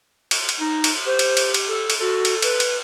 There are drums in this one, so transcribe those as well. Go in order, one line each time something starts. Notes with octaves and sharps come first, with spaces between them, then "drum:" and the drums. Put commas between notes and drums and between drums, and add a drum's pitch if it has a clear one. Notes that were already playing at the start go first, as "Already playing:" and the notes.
drum: cymbal
drum: cymbal
D#4
drum: cymbal
G4 C5
drum: cymbal
drum: cymbal
drum: cymbal
A4
drum: cymbal
F#4 A4
drum: cymbal
B4, drum: cymbal
drum: cymbal